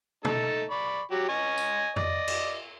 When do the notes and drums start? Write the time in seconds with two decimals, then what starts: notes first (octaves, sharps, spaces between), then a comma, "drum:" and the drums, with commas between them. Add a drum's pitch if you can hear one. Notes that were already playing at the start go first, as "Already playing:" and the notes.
0.25 A3 D#4 A4, drum: tom
0.70 D5 B5 C#6
1.11 F#3 F#4 G4
1.29 D#5 G#5 C#6
1.58 drum: tambourine
1.96 D5 D#5, drum: tom F2
2.28 drum: cymbal